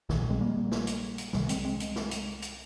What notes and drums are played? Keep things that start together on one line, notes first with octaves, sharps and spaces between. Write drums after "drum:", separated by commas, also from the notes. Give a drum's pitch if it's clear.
A#1 A#2 D#3, drum: snare
D3 F3
G#3 C4
G3 A#3
drum: snare
drum: hi-hat
drum: hi-hat
C2 C3 D#3 G3, drum: snare
G#3 C4, drum: hi-hat
G#3 C4
drum: hi-hat
drum: snare
drum: hi-hat
drum: hi-hat